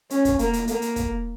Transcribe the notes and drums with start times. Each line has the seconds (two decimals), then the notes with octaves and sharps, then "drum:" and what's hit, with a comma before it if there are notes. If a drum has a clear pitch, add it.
0.10 C#4, drum: hi-hat
0.25 drum: kick, hi-hat
0.39 A#3, drum: hi-hat
0.53 drum: hi-hat
0.67 A#3, drum: hi-hat
0.82 drum: hi-hat
0.96 drum: kick, hi-hat